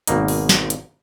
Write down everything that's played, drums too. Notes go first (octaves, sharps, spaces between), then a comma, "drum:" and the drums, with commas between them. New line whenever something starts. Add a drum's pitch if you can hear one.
G#1 B2 A#3 D#4, drum: hi-hat
drum: open hi-hat
drum: snare
drum: hi-hat